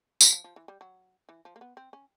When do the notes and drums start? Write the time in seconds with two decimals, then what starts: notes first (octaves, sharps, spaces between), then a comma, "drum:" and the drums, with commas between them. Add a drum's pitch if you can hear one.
0.21 F#3, drum: tambourine
0.32 F3
0.44 F3
0.56 E3
0.68 G3
0.81 F#3
1.29 E3
1.45 F3
1.56 A#3
1.61 B3
1.77 C4
1.93 C#4